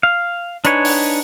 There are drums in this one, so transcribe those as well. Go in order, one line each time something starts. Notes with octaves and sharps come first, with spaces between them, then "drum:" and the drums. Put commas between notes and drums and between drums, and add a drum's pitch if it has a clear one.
F5
D4 D#4 B4 C#5 G#5, drum: hi-hat
drum: open hi-hat